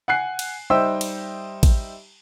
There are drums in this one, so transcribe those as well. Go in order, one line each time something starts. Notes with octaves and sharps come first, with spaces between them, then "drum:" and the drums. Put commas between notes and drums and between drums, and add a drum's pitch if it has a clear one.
F#5 G#5 F#6 C7
drum: cymbal
G3 D#4 C5 E5 G5 E6
drum: cymbal
drum: kick A1, cymbal